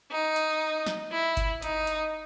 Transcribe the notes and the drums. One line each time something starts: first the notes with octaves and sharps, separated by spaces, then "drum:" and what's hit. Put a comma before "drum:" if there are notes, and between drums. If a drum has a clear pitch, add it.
D#4
drum: hi-hat
drum: snare
E4
drum: kick G1, hi-hat
D#4, drum: hi-hat
drum: hi-hat